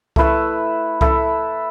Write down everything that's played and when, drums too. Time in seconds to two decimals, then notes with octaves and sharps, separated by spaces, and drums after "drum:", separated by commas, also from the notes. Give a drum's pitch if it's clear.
0.16 A3 E4 B4 E5, drum: kick C2
1.01 E4 A4 E5, drum: kick C2